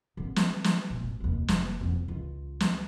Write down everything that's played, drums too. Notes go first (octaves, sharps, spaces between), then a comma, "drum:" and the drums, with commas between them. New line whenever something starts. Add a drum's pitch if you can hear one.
D3 C4
drum: snare
drum: snare
A#2
A3
F1 D#2
drum: snare
F2 B3
C#2 F4
drum: snare